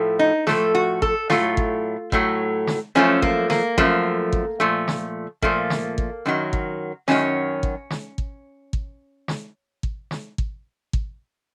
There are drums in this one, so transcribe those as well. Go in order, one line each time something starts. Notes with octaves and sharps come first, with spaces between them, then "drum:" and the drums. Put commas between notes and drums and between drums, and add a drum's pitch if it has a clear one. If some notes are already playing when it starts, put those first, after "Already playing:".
Already playing: A2 F3 A3
D#4
A2 F3 A3 A4, drum: snare
F#4
A4, drum: kick
A2 F#3 A3 F4, drum: snare
drum: kick
A2 F#3 A3, drum: kick
drum: snare
F#2 F3 A3 C#4
A#3, drum: kick
A#3, drum: snare
F#2 F3 A3, drum: kick
drum: kick
A#2 F3 A3
drum: snare
A#2 F3 A3 A#3, drum: kick
drum: snare
drum: kick
F#2 D#3 F#3
drum: kick
F#2 D#3 F#3 C#4, drum: snare
drum: kick
drum: snare
drum: kick
drum: kick
drum: snare
drum: kick
drum: snare
drum: kick
drum: kick